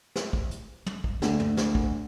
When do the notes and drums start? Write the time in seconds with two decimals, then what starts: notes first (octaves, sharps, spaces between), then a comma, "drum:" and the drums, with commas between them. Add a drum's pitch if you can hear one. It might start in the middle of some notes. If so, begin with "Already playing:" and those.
0.16 drum: snare
0.33 drum: kick
0.51 drum: hi-hat
0.86 drum: tom
1.04 drum: kick
1.22 D2, drum: snare
1.40 drum: tom
1.57 drum: snare
1.75 drum: kick